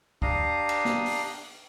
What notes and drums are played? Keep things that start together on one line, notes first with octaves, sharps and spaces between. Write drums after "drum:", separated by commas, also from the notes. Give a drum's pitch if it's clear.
D4 G4 F5 A#5 D#6, drum: kick
drum: cymbal
drum: snare
drum: open hi-hat